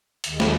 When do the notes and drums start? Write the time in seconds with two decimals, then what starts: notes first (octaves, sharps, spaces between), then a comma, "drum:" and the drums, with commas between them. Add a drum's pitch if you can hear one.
0.24 D#2 D#3 G#3, drum: hi-hat
0.40 drum: snare